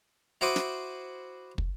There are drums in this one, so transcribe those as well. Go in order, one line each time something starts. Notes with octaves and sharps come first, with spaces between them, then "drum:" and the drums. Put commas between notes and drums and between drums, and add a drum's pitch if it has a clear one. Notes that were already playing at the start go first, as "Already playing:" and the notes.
E4 F#4 C5 D6 D#6
drum: snare
drum: kick